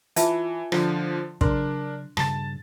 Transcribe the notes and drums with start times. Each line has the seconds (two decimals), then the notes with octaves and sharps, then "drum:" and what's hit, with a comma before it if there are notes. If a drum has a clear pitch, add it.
0.16 E3 F4 E5 A5, drum: hi-hat
0.72 D3 F3, drum: rim click
1.41 C#3 F#3 D4 A#4 C6, drum: kick
2.17 G2 C#3 A5 A6, drum: rim click